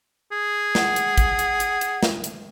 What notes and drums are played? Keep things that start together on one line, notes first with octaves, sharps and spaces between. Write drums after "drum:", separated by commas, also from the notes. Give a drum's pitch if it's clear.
G#4
F#5, drum: snare
drum: hi-hat
drum: kick A1, hi-hat
drum: hi-hat
drum: hi-hat
drum: hi-hat
drum: snare
drum: hi-hat